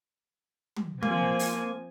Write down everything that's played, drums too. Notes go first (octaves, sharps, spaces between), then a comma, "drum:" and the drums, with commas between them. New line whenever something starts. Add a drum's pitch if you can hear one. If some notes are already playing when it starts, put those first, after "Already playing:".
drum: tom
F3 A#3 C4 G#5, drum: tom
drum: open hi-hat